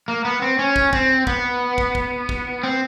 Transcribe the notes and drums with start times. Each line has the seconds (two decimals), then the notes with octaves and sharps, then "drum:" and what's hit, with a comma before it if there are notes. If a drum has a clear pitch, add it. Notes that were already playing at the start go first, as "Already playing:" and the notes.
0.08 A#3
0.25 B3
0.42 C4
0.59 C#4
0.76 drum: kick
0.93 C4, drum: kick
1.27 B3, drum: kick
1.78 drum: kick
1.95 drum: kick
2.29 drum: kick
2.63 C4